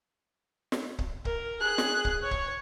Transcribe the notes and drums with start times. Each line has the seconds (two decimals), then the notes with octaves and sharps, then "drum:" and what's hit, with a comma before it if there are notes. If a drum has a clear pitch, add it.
0.72 drum: snare
0.99 drum: kick C#1
1.25 A#4, drum: kick C#1
1.60 G#4 F#6
1.78 drum: snare
2.05 drum: kick C#1
2.22 C#5
2.31 drum: kick C#1